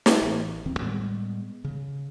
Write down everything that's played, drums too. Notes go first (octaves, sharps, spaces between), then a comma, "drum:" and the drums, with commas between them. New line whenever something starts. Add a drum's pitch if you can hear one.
drum: snare
A1
D#1 D#3 C4
A2 G3 G#3 B3
C#3